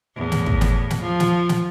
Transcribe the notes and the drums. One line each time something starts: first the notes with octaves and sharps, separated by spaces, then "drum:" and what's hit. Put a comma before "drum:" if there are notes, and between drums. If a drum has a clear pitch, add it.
E2 A2
drum: snare
drum: kick
drum: snare
drum: snare
F3
drum: snare
drum: snare